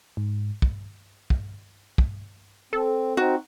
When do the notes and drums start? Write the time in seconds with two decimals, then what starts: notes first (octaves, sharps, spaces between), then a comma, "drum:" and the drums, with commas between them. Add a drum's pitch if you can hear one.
0.17 G#2
0.62 drum: kick
1.30 drum: kick
1.98 drum: kick
2.73 C4 A4
3.17 C4 D#4 F#4